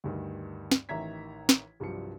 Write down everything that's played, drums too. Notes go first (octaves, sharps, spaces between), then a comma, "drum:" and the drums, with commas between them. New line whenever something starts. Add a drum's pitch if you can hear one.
D2 G2 D#3
drum: snare
A1 D#3 E5 A#5 G#6 B6
drum: snare
C2 G2 F3 F#3 C#7